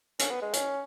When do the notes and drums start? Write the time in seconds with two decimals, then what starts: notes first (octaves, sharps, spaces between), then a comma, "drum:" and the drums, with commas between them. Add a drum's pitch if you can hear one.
0.19 C#4, drum: hi-hat
0.30 B3
0.42 G#3
0.53 C#4, drum: hi-hat